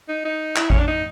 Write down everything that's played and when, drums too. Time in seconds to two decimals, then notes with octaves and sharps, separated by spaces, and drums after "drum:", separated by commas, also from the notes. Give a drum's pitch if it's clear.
0.09 D#4
0.25 D#4
0.56 E4, drum: clap
0.70 C#4, drum: kick G#1
0.79 D4
0.88 D#4